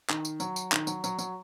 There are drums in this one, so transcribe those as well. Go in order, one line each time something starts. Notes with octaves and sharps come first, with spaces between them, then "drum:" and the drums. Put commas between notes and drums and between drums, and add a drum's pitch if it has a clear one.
D#3, drum: clap
drum: tambourine
F#3, drum: tambourine
drum: tambourine
D#3, drum: clap
F#3, drum: tambourine
F#3, drum: tambourine
F#3, drum: tambourine